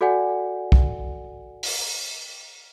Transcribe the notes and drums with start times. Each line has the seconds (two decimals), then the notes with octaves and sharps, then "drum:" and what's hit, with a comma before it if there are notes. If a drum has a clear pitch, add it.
0.01 F#4 A4 D5 F#5 G#5
0.72 drum: kick
1.63 drum: open hi-hat